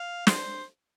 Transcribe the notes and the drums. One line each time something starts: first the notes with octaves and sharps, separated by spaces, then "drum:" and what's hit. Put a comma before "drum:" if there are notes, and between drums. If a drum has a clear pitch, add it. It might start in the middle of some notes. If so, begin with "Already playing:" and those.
Already playing: F5
F4 G#4 C5, drum: snare